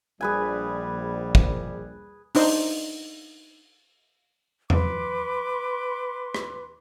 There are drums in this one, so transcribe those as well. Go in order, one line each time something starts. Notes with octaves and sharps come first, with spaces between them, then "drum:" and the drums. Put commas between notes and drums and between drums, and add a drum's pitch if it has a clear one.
A#1 G3 G#4 B4 G#5
drum: kick
D4 D#4 C5, drum: open hi-hat
B4 C6 D6, drum: tom E2
drum: rim click